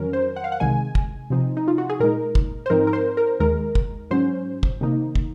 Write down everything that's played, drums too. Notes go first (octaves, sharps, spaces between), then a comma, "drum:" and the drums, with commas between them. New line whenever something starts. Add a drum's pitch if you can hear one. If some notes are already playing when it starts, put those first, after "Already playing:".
Already playing: F2 D#3 F#3 C#4 A#4
C5
F#5
F5
F#5
C2 C3 D#3 G#3 G#5
drum: kick
C3 F3 C4 D#4
D#4
F4
F#4
G#4
A#2 G#3 D#4 A#4
drum: kick
C5
G#2 F3 C4 D#4 A#4
A#4
C5
A#4
D#2 D#3 G#3 A#4
drum: kick
G#2 F#3 C#4 C5
drum: kick
C3 D#3 A#3 D#4
drum: kick